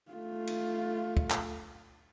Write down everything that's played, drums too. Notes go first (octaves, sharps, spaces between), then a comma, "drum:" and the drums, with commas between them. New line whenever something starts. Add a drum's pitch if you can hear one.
A3 F4
drum: cymbal
drum: kick
drum: clap